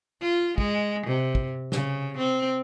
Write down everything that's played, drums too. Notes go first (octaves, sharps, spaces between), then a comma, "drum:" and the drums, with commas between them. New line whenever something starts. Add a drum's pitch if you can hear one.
F4
G#3, drum: kick
C3
drum: kick
C#3, drum: snare
C4